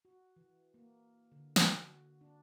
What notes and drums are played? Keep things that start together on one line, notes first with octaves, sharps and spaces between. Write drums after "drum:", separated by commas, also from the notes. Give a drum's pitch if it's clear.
F#4
E3
A#3
D3
F#4, drum: snare
D4